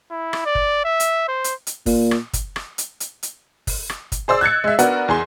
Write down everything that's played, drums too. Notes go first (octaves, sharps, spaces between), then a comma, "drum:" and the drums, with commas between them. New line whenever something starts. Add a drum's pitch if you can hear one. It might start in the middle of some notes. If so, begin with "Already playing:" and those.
E4
drum: rim click
D5
drum: kick
E5
drum: hi-hat
C5
drum: hi-hat
drum: hi-hat
A#2, drum: kick, open hi-hat
drum: rim click
drum: kick, hi-hat
drum: rim click
drum: hi-hat
drum: hi-hat
drum: hi-hat
drum: kick, open hi-hat
drum: rim click
drum: kick, hi-hat
G#4 C5 D5 E6
F#6 G#6 A6 C#7
G#3 E5
B3 D4 F#4 A#4, drum: hi-hat
E2 G#4 C6